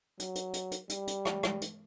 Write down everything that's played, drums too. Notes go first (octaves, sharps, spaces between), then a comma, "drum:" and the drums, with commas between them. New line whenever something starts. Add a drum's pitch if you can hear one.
F#3, drum: hi-hat
drum: hi-hat
drum: hi-hat
drum: hi-hat
G3, drum: hi-hat
drum: hi-hat
drum: rim click
drum: rim click
drum: hi-hat